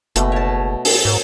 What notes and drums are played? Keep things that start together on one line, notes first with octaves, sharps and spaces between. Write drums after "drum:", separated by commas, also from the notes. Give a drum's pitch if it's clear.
F#1 B2 A3, drum: hi-hat
C#5 A5
drum: open hi-hat
G#2